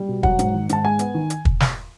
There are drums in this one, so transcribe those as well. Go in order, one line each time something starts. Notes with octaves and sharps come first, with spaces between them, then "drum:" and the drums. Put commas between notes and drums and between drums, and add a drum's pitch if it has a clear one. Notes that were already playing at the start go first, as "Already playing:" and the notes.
Already playing: G3
B2
F#3 F#5, drum: kick
G#2, drum: hi-hat
D#3
G#2 A5, drum: hi-hat
G#3 G#5
B3, drum: hi-hat
D#3
drum: hi-hat
drum: kick
drum: snare